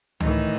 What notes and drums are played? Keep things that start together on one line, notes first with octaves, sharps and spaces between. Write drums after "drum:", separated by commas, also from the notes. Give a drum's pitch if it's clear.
A2 D#3 E3 D#4, drum: tom C#2